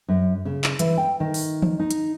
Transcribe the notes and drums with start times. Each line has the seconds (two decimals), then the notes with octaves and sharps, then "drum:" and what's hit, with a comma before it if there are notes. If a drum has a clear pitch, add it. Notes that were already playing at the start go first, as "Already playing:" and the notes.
0.08 F#2
0.45 C#3
0.64 drum: clap
0.79 E3, drum: hi-hat
0.97 G5
1.20 D#3
1.34 drum: open hi-hat
1.62 drum: tom E3
1.79 D#4
1.91 drum: hi-hat